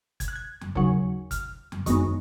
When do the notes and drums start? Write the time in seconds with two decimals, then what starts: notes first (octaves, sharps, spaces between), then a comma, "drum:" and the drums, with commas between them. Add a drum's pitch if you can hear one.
0.20 G#6, drum: kick, hi-hat
0.28 F#6
0.36 G#6
0.61 drum: tom E2
0.75 D#2 C#3 F#3, drum: kick
1.31 F6, drum: kick, hi-hat
1.72 drum: tom E2
1.86 F#2 D#3 G#3 B3 D#4 C#6, drum: kick, hi-hat